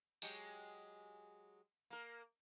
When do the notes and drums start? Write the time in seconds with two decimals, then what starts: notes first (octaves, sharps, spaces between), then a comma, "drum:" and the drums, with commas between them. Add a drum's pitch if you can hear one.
0.22 F#3 G#3 G4, drum: tambourine
1.90 A#3 A#4